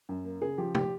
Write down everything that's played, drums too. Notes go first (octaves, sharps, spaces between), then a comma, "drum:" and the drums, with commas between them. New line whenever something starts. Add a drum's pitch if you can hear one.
F#2
A#3
C#3 G#4
F3 G4
G4, drum: tom